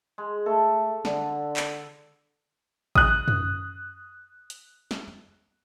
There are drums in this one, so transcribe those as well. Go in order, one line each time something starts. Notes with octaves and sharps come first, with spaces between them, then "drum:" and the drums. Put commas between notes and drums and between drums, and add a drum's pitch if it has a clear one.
G#3
A3 A4
D3, drum: snare
drum: clap
D#6 F#6, drum: kick A1
drum: tom F#2
drum: hi-hat
drum: snare